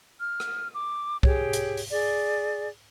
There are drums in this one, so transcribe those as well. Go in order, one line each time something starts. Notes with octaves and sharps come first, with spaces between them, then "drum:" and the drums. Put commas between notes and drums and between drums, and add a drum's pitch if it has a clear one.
F6
drum: rim click
D6
G4 G#4 C#5, drum: kick C2
drum: hi-hat
drum: open hi-hat
G#4 D5